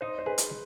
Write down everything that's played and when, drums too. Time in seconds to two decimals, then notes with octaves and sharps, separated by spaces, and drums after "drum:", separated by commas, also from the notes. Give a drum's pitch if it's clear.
0.01 D#4 C5
0.19 C5
0.26 G#4 B4
0.38 drum: hi-hat